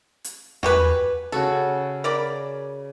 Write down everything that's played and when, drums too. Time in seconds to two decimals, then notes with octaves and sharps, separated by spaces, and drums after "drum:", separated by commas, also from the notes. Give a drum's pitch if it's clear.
0.24 drum: hi-hat
0.63 F#4 G4 B4 G#5, drum: tom E2
1.32 C#3 F#4 A4 C#6
2.04 A#4 D5 B5